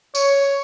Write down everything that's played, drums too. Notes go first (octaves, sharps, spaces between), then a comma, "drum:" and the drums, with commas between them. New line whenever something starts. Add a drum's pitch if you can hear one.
C#5, drum: tambourine